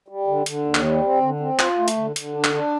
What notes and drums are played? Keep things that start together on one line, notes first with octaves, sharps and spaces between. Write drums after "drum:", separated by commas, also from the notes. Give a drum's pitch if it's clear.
G3
D3
D3, drum: hi-hat
D#2
drum: clap
G3
C4
D3
C4
F4, drum: clap
A3
drum: hi-hat
D3
D3, drum: hi-hat
D4
drum: clap
D4